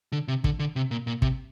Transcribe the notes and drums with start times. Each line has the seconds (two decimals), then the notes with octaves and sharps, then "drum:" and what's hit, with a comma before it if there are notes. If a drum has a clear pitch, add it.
0.12 D3
0.28 C3
0.44 D3, drum: kick
0.59 D3
0.76 C3
0.91 A#2
1.07 A#2
1.22 C3, drum: kick